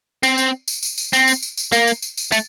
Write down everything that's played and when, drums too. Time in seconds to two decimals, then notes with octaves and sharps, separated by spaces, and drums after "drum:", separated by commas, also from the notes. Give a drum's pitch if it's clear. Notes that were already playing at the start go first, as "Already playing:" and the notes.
0.23 C4, drum: tambourine
0.38 drum: tambourine
0.68 drum: tambourine
0.83 drum: tambourine
0.98 drum: tambourine
1.13 C4, drum: tambourine
1.28 drum: tambourine
1.42 drum: tambourine
1.57 drum: tambourine
1.72 A#3, drum: tambourine
1.87 drum: tambourine
2.02 drum: tambourine
2.17 drum: tambourine
2.32 A3, drum: tambourine